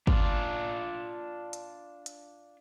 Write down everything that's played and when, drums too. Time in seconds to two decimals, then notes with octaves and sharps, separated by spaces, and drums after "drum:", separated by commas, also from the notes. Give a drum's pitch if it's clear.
0.07 D4 F4, drum: kick
1.53 drum: hi-hat
2.06 drum: hi-hat